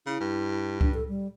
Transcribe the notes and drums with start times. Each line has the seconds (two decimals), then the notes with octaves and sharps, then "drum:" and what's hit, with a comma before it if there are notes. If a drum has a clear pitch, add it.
0.06 C#3 E4
0.20 G2
0.81 D4, drum: kick C#2
0.94 A4
1.08 G3